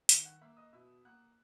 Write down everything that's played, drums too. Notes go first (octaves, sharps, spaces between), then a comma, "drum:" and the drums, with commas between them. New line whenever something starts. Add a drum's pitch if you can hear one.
D#3 E5 E6, drum: hi-hat
F#5 F#6
A#3 E5 E6
D#5 D#6
B2 E5 E6
A#3 F#5 F#6